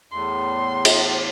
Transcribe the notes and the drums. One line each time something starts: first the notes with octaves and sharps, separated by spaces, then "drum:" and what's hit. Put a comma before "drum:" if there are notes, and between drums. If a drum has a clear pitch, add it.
E2 A2 C6
drum: cymbal